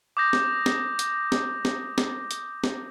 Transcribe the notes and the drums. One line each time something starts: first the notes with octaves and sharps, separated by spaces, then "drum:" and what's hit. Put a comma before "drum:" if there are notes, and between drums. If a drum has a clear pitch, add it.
D6 D#6 G6 A#6
drum: snare
drum: snare
drum: hi-hat
drum: snare
drum: snare
drum: snare
drum: hi-hat
drum: snare